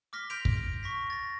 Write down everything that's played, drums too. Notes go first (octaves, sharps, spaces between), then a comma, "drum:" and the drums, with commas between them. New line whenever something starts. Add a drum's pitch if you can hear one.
D6 F6 A#6 B6 G7
C6 F6 G6 B6 D7 F7
drum: kick
C#6 A#6 B6
A6 A#6